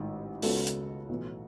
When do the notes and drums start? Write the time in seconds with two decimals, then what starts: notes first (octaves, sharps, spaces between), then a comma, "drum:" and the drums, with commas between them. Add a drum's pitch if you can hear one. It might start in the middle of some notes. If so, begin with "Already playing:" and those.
Already playing: A1 G#2 D#3
0.42 C#2 C#3 G#3 B3 F#4 A4, drum: open hi-hat
0.67 drum: hi-hat
1.09 B1 A2 E3